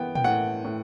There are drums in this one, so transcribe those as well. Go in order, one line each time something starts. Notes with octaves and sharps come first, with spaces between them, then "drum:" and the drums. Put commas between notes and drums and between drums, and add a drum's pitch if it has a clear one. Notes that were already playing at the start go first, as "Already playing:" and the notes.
Already playing: E3 B3 G5
G5, drum: tom
A2 F#5
A2